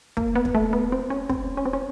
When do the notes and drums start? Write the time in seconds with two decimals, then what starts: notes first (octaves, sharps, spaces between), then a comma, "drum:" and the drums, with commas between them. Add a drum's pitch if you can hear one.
0.17 A#3, drum: kick
0.35 B3
0.45 drum: kick
0.55 A3
0.73 B3
0.92 C4
1.10 C#4
1.30 C4, drum: kick
1.57 C#4
1.66 C4
1.73 C#4